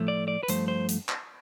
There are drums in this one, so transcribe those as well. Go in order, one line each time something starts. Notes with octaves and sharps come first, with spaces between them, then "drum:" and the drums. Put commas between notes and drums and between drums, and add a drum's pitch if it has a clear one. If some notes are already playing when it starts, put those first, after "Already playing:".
Already playing: A2 F3 A3
D5
D5
B4
G2 F3 A3 C5, drum: hi-hat
C5
drum: hi-hat
drum: clap